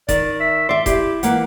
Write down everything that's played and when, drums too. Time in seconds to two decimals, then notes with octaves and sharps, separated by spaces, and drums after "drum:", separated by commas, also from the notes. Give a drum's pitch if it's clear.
0.09 D#3 D5, drum: kick E1, hi-hat
0.40 E5
0.69 D5 E5 C6
0.86 E4 G4 D5, drum: kick E1, hi-hat
1.23 E3 A#3 F#5, drum: hi-hat